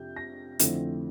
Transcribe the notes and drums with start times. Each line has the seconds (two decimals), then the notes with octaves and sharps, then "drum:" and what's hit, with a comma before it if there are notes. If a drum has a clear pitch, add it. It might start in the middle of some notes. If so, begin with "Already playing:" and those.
Already playing: F2 C3 G6
0.16 A#6
0.59 F2 D3 A3 C4 E4, drum: hi-hat